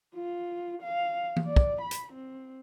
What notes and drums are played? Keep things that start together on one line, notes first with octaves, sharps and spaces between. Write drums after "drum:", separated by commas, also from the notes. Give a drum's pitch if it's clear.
F4
F5
drum: tom E3
D5
drum: kick
B5
drum: hi-hat
C4